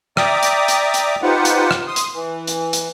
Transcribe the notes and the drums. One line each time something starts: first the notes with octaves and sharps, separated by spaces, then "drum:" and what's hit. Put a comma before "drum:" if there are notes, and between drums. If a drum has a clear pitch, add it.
D5 E5 G5 A#5 D6 D#6, drum: rim click
drum: hi-hat
drum: hi-hat
drum: hi-hat
D#4 F4 G4 B4 C5 F#5
drum: hi-hat
drum: rim click
C6 D#6
drum: hi-hat
E3
drum: hi-hat
drum: hi-hat